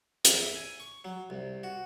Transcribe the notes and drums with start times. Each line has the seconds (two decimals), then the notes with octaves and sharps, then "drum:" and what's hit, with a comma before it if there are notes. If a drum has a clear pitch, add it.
0.25 E2, drum: hi-hat
0.42 E4
0.55 G#5
0.80 C#6
1.05 F#3
1.30 C2
1.64 F#4